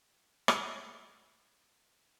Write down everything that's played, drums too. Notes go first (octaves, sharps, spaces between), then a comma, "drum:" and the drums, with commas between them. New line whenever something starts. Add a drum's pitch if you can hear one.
D4
drum: rim click
D#4
E4